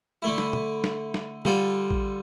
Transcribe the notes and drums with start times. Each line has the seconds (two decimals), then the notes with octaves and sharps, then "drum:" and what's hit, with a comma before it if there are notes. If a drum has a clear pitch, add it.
0.22 D3 A3 E4
0.38 drum: snare
0.53 drum: tom
0.84 drum: snare
1.14 drum: snare
1.45 D3 G3 D4 F4 A4, drum: tom
1.91 drum: kick